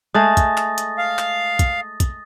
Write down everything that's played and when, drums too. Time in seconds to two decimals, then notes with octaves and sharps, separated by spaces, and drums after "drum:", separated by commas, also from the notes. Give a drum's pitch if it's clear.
0.15 G#3 A3 G#4 D#6 A6 A#6
0.37 drum: kick, hi-hat
0.57 drum: clap
0.78 drum: hi-hat
0.98 F5
1.19 drum: clap
1.59 drum: kick, hi-hat
2.00 drum: kick, hi-hat